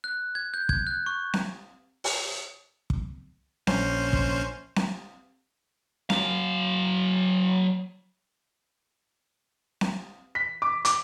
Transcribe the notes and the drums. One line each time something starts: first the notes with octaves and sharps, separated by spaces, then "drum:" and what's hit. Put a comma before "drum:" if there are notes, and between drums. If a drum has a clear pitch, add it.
F#6
G#6
G6
G#6, drum: kick
F#6
C#6
drum: snare C4
drum: open hi-hat
drum: kick
A#1 C#4 C5, drum: snare C4
drum: kick
drum: snare C4
F#3 F5, drum: snare C4
drum: snare C4
B6
D6
D6, drum: hi-hat